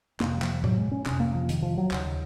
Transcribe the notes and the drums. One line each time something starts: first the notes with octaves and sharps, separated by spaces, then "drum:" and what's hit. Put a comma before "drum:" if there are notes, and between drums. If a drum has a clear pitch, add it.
F2 C3 A#3, drum: clap
F#3
F3, drum: clap
F#3, drum: tom A2
G#3
C#4
F2 C3 C#4, drum: clap
A#3
F3
D#3, drum: hi-hat
F3
F#3
D#2 C#3, drum: clap